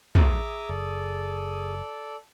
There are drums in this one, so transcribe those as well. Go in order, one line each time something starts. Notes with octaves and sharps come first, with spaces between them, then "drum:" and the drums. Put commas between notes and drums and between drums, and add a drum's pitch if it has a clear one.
G#4 E5 A#5 D6 D#6, drum: tom
F#1 A4 D5